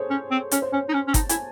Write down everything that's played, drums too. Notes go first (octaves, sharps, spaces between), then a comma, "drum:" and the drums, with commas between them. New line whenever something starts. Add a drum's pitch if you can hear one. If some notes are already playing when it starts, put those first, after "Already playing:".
Already playing: G#4 A4 C5 C#5
C#4
C4
C#4 C#5, drum: hi-hat
C5
C#4 C#5
D#4
C#4
C#4
D#4 A5, drum: kick G1, hi-hat
E4 G#5, drum: hi-hat